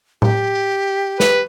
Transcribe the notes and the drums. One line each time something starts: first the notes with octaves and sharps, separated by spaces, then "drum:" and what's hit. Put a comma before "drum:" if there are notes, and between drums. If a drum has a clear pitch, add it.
G4, drum: tom A2
B4, drum: snare